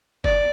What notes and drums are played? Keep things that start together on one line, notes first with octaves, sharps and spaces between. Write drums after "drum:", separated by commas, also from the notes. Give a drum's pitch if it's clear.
D5, drum: kick